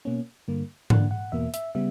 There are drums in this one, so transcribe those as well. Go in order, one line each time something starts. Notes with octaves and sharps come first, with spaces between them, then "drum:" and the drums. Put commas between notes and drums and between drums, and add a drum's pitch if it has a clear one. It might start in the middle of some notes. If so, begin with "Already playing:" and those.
B2 A#3 C#4
G2 D3 A#3
D3 A#3 D4 F#5, drum: tom G#2
F#5
E2 B2 A#3 E5
E5, drum: hi-hat
C#3 G3 B3 E5